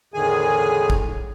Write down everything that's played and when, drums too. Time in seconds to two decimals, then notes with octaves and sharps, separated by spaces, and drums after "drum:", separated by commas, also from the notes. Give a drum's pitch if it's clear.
0.14 E2 A2 D3 D#3 G#4 G#5
0.90 drum: kick